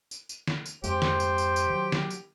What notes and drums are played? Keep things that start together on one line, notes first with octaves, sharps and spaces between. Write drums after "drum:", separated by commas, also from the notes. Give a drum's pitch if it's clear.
drum: tambourine
drum: tambourine
drum: snare
drum: tambourine
F2 G#2 G4 C5, drum: tambourine
drum: snare
drum: tambourine
drum: tambourine
drum: tambourine
D#3 F#3
drum: snare
drum: tambourine